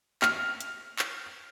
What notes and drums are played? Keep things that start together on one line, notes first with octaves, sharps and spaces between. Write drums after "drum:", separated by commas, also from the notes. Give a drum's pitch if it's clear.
F6, drum: clap
drum: hi-hat
drum: clap